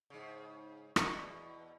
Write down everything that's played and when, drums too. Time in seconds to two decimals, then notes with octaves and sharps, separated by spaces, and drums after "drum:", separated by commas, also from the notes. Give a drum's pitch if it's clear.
0.10 G#2 C#3
0.96 E2 B2 E5 C#6, drum: rim click